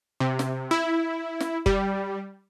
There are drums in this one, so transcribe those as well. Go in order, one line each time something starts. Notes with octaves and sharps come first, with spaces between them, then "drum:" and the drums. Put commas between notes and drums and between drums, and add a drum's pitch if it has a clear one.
C3
drum: snare
E4
drum: snare
G3, drum: kick